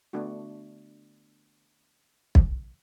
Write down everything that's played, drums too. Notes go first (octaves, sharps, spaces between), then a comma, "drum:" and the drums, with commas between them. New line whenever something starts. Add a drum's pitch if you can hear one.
D3 A3 B3 D4 F#4
drum: kick